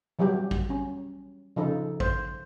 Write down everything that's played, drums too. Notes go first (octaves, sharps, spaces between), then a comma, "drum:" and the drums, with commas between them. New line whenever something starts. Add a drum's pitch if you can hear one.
E3 F#3 G3 F#4 G4
drum: kick
C#4
C#3 F3 D#4 A4
C5, drum: kick